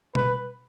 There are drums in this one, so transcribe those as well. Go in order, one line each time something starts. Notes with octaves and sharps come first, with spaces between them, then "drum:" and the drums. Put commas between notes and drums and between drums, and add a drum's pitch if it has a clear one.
B4, drum: tom B2